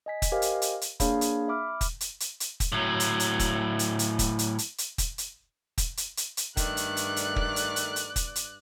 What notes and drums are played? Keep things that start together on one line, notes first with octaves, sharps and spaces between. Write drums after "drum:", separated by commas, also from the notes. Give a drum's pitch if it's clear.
D#5 G#5 B6
drum: kick, hi-hat
G4 A#4 C5 D#5 F5 G#5
drum: hi-hat
drum: hi-hat
drum: hi-hat
A#3 D4 G#4 C#5 F5 B5, drum: kick, hi-hat
drum: hi-hat
E5 B5 D6 F6
drum: kick, hi-hat
drum: hi-hat
drum: hi-hat
drum: hi-hat
drum: kick, hi-hat
A2 F#3
drum: hi-hat
drum: hi-hat
drum: kick, hi-hat
drum: hi-hat
drum: hi-hat
drum: kick, hi-hat
drum: hi-hat
drum: hi-hat
drum: hi-hat
drum: kick, hi-hat
drum: hi-hat
drum: kick, hi-hat
drum: hi-hat
drum: hi-hat
drum: hi-hat
G2 D#3 A3 D5 F#6, drum: kick, hi-hat
drum: hi-hat
drum: hi-hat
drum: hi-hat
drum: kick
drum: hi-hat
drum: hi-hat
drum: hi-hat
drum: kick, hi-hat
drum: hi-hat